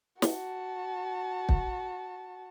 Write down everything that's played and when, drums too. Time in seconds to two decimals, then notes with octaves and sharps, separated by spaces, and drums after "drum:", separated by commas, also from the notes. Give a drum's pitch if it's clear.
0.22 F#4 A5, drum: snare
1.49 drum: kick